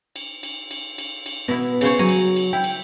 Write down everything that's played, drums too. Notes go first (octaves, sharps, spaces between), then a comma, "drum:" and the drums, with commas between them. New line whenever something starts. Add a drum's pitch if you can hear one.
drum: cymbal
drum: cymbal
drum: cymbal
drum: cymbal
drum: cymbal
B2 B3 E4
C#3 C5 C#5, drum: cymbal
F#3 C#5 G#5 A#5
drum: cymbal
drum: cymbal
E4 G5
drum: cymbal